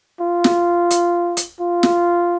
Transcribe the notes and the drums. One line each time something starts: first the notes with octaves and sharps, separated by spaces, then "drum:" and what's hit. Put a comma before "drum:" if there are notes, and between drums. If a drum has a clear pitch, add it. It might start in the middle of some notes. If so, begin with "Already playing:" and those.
F4
drum: snare
drum: hi-hat
drum: hi-hat
F4
drum: snare